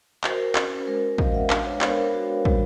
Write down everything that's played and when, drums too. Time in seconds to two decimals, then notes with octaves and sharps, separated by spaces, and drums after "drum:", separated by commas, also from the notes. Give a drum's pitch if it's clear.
0.24 F#4 A#4 C5, drum: clap
0.55 C#4, drum: clap
0.87 G#3 A#4 C5
1.18 G#3 D#5 F5, drum: kick
1.34 E5 F#5
1.50 D4 F5 G5, drum: clap
1.66 B4 C#5
1.81 B3 A#4 C5, drum: clap
1.97 A#4 C5
2.14 F#4
2.45 G3, drum: kick